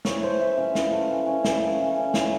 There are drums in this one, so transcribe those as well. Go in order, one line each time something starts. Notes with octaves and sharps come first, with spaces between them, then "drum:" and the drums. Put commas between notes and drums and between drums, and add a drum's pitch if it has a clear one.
E3 C#5, drum: snare
A3 C5
E3 E5
C#4 F5
E3, drum: snare
A3
E3
C#4
E3 F5, drum: snare
A3
E3
C#4
E3, drum: snare